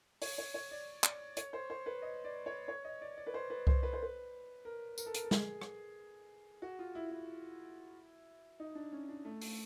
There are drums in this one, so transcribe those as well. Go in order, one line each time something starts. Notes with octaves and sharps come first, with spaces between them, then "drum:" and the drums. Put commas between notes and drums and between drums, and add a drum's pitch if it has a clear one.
C#5, drum: open hi-hat
C#5
C#5
D5
D5, drum: clap
C#5, drum: hi-hat
C5
C5
B4
D#5
D5
C#5
C#5
D#5
D5
D5
B4
C5
B4
C5, drum: kick C2
B4
C5
B4
A#4
A#4, drum: tambourine
A4
A#4, drum: hi-hat
A4
G#4, drum: snare
drum: rim click
F#4
F4
E4
E4
D#4
D4
C#4
D4
A3
A3, drum: open hi-hat